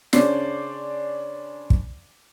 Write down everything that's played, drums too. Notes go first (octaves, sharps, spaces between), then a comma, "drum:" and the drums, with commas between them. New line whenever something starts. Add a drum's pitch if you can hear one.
C#3 C#4 D4 C5 D5 C7, drum: snare
drum: kick